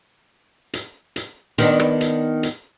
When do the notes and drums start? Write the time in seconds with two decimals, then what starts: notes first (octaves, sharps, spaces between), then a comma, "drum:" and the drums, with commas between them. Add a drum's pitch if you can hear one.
0.73 drum: hi-hat
1.16 drum: hi-hat
1.58 D#3 B3 D4, drum: hi-hat
1.79 drum: rim click
2.01 drum: hi-hat
2.43 drum: hi-hat